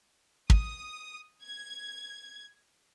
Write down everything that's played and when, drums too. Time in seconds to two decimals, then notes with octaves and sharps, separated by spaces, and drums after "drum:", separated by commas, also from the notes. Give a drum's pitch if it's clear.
0.50 D#6, drum: kick
1.44 G#6